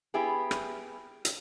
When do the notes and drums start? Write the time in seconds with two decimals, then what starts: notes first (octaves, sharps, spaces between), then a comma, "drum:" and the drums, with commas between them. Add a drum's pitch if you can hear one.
0.14 B3 E4 G4 G#4
0.51 drum: rim click
1.25 drum: hi-hat